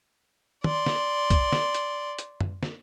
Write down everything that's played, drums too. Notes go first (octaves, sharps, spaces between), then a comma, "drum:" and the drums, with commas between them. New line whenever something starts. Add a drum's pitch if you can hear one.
D5 C6, drum: tom
drum: snare
drum: kick, hi-hat
drum: snare
drum: hi-hat
drum: hi-hat
drum: tom
drum: snare